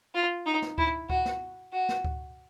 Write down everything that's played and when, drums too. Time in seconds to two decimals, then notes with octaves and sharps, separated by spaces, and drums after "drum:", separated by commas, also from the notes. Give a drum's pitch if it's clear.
0.15 F4
0.46 D#4
0.62 drum: snare
0.78 E4, drum: kick C#2
1.10 F#4, drum: kick C#2
1.25 drum: snare
1.73 F#4
1.89 drum: snare
2.05 drum: kick C#2